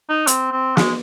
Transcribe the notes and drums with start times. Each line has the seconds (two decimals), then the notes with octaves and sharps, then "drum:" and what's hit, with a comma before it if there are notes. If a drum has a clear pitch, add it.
0.09 D#4
0.27 C4, drum: hi-hat
0.52 C4
0.77 G#3, drum: snare